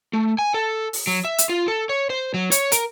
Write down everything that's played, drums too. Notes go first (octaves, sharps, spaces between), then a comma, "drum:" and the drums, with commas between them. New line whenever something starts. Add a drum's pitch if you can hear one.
A3
G#5
A4
drum: open hi-hat
F#3
E5
drum: hi-hat
F4
A4
C#5
C5
F#3
C#5, drum: hi-hat
A#4, drum: hi-hat